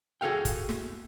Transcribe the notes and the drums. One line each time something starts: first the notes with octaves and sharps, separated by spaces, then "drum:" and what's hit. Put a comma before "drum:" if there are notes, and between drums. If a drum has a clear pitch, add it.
F#4 G#4 A4 F5 G5
drum: kick, hi-hat
drum: snare